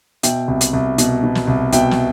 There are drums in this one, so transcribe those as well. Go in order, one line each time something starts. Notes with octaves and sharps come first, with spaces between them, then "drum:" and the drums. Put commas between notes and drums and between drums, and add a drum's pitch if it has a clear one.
B2 E5 G5, drum: hi-hat
C2
drum: hi-hat
C2
B2, drum: hi-hat
B2
drum: snare
C2
B2 E5 G5, drum: hi-hat
drum: snare